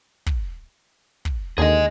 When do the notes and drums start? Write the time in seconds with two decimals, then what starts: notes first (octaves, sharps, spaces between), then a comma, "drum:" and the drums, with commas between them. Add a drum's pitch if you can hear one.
0.26 drum: kick
1.25 drum: kick
1.58 D#2 D3 G#4 D#5